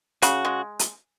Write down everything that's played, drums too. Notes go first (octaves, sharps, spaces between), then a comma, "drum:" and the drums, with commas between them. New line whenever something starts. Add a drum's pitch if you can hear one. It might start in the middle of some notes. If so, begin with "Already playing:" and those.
C#3 F#4, drum: hi-hat
G#3
drum: hi-hat